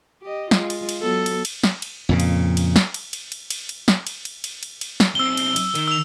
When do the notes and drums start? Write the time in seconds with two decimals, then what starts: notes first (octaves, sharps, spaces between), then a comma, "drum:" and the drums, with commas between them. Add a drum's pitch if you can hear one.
0.22 G4 D#5
0.51 G#3 F4, drum: snare
0.70 drum: cymbal
0.89 drum: cymbal
1.01 F#3 B3 A4
1.26 drum: cymbal
1.45 drum: cymbal
1.64 drum: snare
1.82 drum: cymbal
2.09 F2 A#2 C#3
2.20 drum: cymbal
2.57 drum: cymbal
2.76 drum: snare
2.94 drum: cymbal
3.13 drum: cymbal
3.32 drum: cymbal
3.50 drum: cymbal
3.69 drum: cymbal
3.88 drum: snare
4.07 drum: cymbal
4.25 drum: cymbal
4.44 drum: cymbal
4.63 drum: cymbal
4.81 drum: cymbal
5.00 drum: snare
5.15 B1 C4 E6 G7
5.37 drum: cymbal
5.56 drum: cymbal
5.75 D#3 A#4, drum: cymbal
5.88 E6 F7